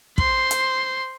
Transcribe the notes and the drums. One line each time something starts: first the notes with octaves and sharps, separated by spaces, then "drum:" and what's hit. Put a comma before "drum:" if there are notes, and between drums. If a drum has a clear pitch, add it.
C5 C6, drum: kick
drum: hi-hat